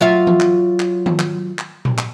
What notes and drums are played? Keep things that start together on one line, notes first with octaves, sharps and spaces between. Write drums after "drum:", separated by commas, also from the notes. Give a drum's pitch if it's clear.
F#3 F4 E5
drum: tom E3
drum: clap
drum: clap
drum: tom D#3
drum: clap
drum: clap
drum: tom A#2
drum: clap